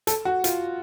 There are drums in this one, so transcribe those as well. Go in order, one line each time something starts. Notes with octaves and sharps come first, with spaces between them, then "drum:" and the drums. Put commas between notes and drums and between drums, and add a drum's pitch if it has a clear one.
A4, drum: hi-hat
F#4
F4, drum: hi-hat